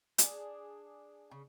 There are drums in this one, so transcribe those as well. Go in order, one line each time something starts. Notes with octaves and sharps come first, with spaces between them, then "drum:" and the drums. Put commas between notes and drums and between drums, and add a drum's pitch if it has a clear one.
D4 G#4, drum: hi-hat
C#3